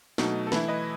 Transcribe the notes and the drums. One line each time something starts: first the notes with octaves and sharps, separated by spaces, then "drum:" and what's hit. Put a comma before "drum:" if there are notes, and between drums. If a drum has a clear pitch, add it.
B2 F#3 A3 D#4, drum: snare
A4
E3 A3 E4 B4, drum: snare
B4 D#5